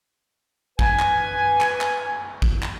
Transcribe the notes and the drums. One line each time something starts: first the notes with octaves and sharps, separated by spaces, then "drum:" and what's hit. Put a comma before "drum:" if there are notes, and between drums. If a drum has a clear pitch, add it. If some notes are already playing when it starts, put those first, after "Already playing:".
B4 G#5, drum: kick A1
drum: clap
drum: clap
drum: clap
drum: kick A1
drum: clap